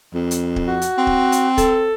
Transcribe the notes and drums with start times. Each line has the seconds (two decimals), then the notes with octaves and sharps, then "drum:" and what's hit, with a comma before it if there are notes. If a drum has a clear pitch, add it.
0.14 F2
0.31 drum: hi-hat
0.56 drum: kick D1
0.67 F#4
0.81 drum: hi-hat
0.98 C4
1.07 drum: kick D1
1.32 drum: hi-hat
1.58 A4, drum: kick D1, hi-hat